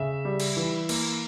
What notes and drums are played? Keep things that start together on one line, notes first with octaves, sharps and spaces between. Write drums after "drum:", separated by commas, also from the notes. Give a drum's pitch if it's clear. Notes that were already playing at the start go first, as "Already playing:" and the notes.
Already playing: C#3 E5
G3
drum: cymbal
E3
A#3, drum: cymbal